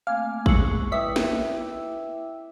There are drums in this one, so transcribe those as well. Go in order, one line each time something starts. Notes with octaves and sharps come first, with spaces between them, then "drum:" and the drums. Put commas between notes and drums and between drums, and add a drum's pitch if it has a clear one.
A3 A#3 C4 F5 G#5 D6 G#6
G#3 C#6 E6 F#6 C#7, drum: kick
E4 B4 D#5 E5 G5 D6 E6 B6
drum: snare